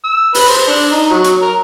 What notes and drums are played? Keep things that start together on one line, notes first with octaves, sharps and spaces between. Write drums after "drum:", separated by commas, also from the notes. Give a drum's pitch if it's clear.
E6
B4, drum: open hi-hat
C5
D4
D#4
F#3
drum: hi-hat
A#4